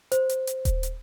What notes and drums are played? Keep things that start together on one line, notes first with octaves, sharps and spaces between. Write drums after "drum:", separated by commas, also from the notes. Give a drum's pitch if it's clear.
C5, drum: hi-hat
drum: hi-hat
drum: hi-hat
drum: kick D#1, hi-hat
drum: hi-hat